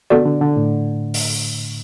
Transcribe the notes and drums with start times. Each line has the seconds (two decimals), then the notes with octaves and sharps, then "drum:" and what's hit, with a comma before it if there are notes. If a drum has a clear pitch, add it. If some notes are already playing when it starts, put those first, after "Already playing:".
0.10 D3 B3 F#4 A4 D5
0.25 D3
0.41 D3
0.56 A2
1.14 drum: open hi-hat